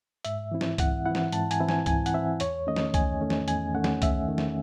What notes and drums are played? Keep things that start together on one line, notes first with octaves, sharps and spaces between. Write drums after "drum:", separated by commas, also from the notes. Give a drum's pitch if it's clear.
G#2 E5, drum: hi-hat
E3 C4 E4
drum: snare
G#2 F#5, drum: kick C2, hi-hat
E3 C4 E4 F#5
drum: snare
G#2 A5, drum: hi-hat
G#5, drum: hi-hat
E3 C4 E4
G#5, drum: snare
G#2 G#5, drum: kick C2, hi-hat
F#5, drum: hi-hat
E3 C4 E4 E5
E2 C#5, drum: hi-hat
D#3 A3 C#4 D#5
drum: snare
E2 G#5, drum: kick C2, hi-hat
D#3 A3 C#4
drum: snare
E2 G#5, drum: hi-hat
D#3 A3 C#4 F#5
drum: snare
E2 E5, drum: kick C2, hi-hat
D#3 A3 C#4
drum: snare